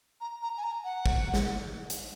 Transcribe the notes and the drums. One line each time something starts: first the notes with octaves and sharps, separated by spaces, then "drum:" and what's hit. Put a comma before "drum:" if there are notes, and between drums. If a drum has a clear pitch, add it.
A#5
A#5
G#5
A#5
F#5
drum: kick
drum: snare
drum: hi-hat